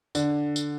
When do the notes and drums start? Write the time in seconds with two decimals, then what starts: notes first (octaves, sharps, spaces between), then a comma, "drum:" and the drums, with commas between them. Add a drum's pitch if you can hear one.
0.15 D3, drum: tambourine
0.56 drum: tambourine